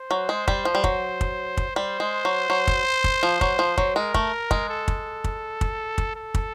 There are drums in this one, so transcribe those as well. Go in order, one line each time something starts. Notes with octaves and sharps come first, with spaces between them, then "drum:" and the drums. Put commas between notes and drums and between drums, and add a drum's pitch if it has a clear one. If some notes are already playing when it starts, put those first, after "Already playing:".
Already playing: C5
F#3
G#3
G3, drum: kick
F3
G3
F#3, drum: kick
drum: kick
drum: kick
G3 C5
G#3
F#3
F#3
drum: kick
drum: kick
F3
F#3, drum: kick
F3
F#3, drum: kick
G#3 A#4
A3, drum: kick
G#3, drum: kick
A4
drum: kick
drum: kick
drum: kick
drum: kick
A4
drum: kick